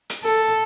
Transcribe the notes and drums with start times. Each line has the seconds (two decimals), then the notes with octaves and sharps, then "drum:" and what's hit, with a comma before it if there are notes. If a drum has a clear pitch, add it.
0.10 drum: hi-hat
0.23 A4